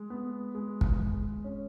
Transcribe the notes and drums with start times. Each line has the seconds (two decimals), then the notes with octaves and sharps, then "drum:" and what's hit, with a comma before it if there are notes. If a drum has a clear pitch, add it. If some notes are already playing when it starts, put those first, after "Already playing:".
Already playing: G#3
0.10 B3
0.55 G#3
0.81 drum: kick
0.99 G#3
1.44 C#4